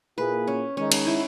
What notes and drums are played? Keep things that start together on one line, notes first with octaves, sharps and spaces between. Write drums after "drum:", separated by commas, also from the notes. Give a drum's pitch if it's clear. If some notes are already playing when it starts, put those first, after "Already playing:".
A#2 A#3 E4 G#4 B4
C#4
D#3 G#3 C#4 D#4
C#4, drum: cymbal
E4